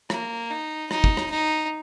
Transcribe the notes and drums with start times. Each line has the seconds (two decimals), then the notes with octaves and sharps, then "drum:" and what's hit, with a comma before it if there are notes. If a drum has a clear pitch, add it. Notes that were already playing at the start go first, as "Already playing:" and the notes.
0.10 A#3, drum: rim click
0.50 D#4
0.91 D#4, drum: rim click
1.04 drum: kick
1.17 drum: rim click
1.30 D#4